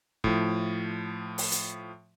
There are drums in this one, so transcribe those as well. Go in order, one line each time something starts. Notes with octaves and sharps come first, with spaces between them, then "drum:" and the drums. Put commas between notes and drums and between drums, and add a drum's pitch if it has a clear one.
A2 F3, drum: kick
drum: open hi-hat
drum: hi-hat